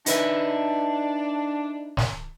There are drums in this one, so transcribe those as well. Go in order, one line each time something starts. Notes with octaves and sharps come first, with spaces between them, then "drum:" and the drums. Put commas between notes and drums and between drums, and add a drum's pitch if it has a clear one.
D4 D#4 B4 E5, drum: hi-hat
drum: snare